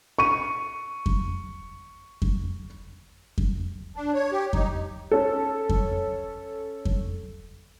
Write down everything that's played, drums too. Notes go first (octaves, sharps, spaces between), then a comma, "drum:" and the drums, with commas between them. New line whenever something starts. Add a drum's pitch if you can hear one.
C#6 D#7
drum: kick F2
drum: kick F2
drum: kick F2
D4
C#5
G4
D#4, drum: kick F2
C#4 A4
drum: kick F2
drum: kick F2